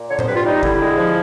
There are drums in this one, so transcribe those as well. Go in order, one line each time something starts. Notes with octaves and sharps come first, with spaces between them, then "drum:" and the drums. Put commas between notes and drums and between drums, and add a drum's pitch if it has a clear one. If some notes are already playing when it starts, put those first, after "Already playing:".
Already playing: A#2
D3 C#5
C5, drum: tom A2
G3 B4
F4
G3 D#4
D3 E4, drum: kick
G#3
F3